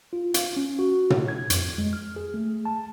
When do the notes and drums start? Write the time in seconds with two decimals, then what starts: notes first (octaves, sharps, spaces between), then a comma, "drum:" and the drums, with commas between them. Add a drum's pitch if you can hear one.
0.13 F4
0.34 F5, drum: hi-hat
0.57 C#4
0.79 F#4
1.10 C#5, drum: tom
1.28 G#6
1.50 F2, drum: hi-hat
1.78 G#3
1.93 F6
2.16 G#4
2.34 A3
2.65 A5